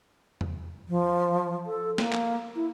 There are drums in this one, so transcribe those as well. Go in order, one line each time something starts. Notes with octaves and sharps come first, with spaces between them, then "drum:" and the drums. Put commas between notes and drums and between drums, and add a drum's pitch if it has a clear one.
drum: tom E2
F3
A4
A#3, drum: snare
drum: clap
E4